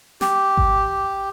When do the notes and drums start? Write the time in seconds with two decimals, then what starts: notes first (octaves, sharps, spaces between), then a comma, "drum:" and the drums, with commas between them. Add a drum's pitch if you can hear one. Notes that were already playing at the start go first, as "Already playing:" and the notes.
0.21 G4, drum: snare
0.57 drum: kick G#1